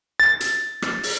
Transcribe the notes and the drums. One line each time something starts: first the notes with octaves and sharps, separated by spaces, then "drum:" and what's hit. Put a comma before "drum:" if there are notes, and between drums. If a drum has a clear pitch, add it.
A6
drum: hi-hat
drum: rim click
drum: open hi-hat